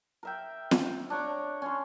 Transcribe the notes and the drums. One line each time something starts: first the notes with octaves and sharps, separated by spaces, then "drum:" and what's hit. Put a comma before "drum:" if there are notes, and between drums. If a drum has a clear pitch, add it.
A#4 E5 G5
drum: snare
D4 C#5 A#5 D6
C#4 C6